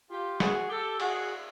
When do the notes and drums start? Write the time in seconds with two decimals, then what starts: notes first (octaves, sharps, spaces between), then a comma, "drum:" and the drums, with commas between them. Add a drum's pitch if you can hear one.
0.10 F4 G4
0.40 F#4 G#4, drum: snare
0.70 G4 A4
1.00 F#4 G#4, drum: cymbal